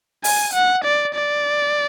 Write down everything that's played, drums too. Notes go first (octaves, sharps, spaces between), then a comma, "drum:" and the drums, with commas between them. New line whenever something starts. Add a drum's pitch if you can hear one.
G#5, drum: open hi-hat
F#5
D5
D5